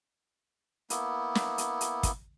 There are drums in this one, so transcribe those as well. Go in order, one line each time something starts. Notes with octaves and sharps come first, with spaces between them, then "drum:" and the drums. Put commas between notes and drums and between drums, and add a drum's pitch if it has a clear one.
A#3 B3 E4, drum: hi-hat
drum: snare
drum: hi-hat
drum: hi-hat
drum: kick, hi-hat